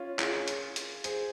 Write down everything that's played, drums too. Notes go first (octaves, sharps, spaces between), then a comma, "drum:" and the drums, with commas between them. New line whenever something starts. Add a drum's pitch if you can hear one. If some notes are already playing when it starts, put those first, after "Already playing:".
Already playing: C#4 F4
F4 G#4, drum: clap
drum: hi-hat
drum: hi-hat
G#4 C5, drum: hi-hat